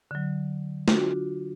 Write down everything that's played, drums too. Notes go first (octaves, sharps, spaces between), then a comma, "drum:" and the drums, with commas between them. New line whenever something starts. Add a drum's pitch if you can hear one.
D3 F#3
D4 F4 F#4, drum: snare